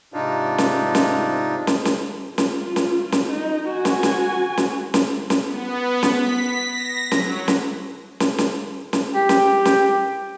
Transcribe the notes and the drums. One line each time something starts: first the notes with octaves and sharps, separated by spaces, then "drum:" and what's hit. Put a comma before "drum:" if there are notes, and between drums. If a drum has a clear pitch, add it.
G#2 C3 D4 D#4 F4
drum: snare
drum: snare
drum: snare
drum: snare
F4, drum: snare
drum: snare
drum: snare
D#4
F#4 G#5
drum: snare
drum: snare
drum: snare
drum: snare
drum: snare
B3
drum: snare
B6
A#6
F#3, drum: snare
drum: snare
drum: snare
drum: snare
drum: snare
G4 G5
drum: snare
drum: snare